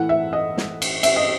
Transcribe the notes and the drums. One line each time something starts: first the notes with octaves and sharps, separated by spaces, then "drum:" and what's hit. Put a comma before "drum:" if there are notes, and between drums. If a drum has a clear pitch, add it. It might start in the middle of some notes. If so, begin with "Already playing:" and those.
Already playing: A2 E3 F#5
E5
D#5
drum: snare
drum: cymbal
E5, drum: cymbal
D#5